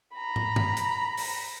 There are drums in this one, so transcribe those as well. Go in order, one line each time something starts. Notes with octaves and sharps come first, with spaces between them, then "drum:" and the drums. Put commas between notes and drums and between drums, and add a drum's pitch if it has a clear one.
A#5 B5
drum: tom
drum: tom G2
drum: hi-hat
drum: open hi-hat